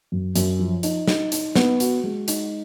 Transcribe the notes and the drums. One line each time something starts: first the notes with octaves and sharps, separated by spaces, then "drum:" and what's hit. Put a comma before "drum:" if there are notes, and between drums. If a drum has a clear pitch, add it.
F#2
F#2, drum: hi-hat
F3
D#4, drum: hi-hat
D#4, drum: snare
D#4, drum: hi-hat
B3, drum: snare
F#4, drum: hi-hat
G#3
D#4, drum: hi-hat